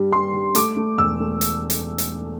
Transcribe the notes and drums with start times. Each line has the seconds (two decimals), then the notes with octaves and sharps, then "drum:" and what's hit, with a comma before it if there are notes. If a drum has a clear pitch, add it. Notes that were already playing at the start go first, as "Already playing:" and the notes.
Already playing: G2 G3
0.12 G3 C6
0.33 G3
0.55 A3 D6, drum: hi-hat
0.77 A3
0.98 E1 E6
1.20 A3
1.41 drum: hi-hat
1.70 drum: hi-hat
1.98 drum: hi-hat